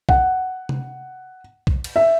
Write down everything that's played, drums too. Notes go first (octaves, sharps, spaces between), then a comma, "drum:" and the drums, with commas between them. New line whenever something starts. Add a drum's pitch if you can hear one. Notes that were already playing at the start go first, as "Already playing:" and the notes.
F#5, drum: kick B1
drum: tom C3
drum: kick B1
drum: cymbal
E5